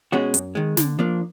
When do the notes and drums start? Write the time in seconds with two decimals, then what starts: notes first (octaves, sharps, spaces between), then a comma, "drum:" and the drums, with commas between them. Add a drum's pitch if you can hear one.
0.12 B2 G#3 C#4 F#4
0.34 F#2, drum: hi-hat
0.55 D#3 G#3
0.77 D3, drum: snare
0.99 F3 A#3 D4